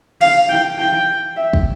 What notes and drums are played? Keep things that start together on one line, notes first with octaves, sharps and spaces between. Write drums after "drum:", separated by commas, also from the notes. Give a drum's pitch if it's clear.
F5, drum: cymbal
G5
G5
E5
drum: kick